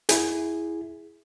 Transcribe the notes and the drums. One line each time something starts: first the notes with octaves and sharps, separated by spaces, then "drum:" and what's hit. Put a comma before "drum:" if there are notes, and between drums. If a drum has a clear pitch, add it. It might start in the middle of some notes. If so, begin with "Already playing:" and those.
E4 G#4, drum: hi-hat